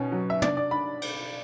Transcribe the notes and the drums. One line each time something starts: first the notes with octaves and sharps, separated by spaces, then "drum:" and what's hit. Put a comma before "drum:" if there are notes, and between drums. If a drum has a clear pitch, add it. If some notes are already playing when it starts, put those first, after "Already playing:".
Already playing: B2 C#4
F#3
E5
D4 D5, drum: tom
D5
D4 B5
drum: cymbal